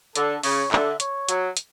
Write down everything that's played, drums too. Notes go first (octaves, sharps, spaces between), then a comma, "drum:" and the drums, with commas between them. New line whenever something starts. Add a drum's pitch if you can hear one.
D3 A4, drum: hi-hat
C#3 C#5, drum: open hi-hat
D3 E5, drum: clap
C#5, drum: hi-hat
F#3, drum: hi-hat
drum: hi-hat